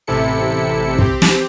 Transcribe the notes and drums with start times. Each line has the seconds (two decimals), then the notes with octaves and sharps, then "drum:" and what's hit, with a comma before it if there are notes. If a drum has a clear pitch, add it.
0.07 A1 C3 E4 A4 C#7
0.98 C4 G4, drum: kick
1.22 drum: snare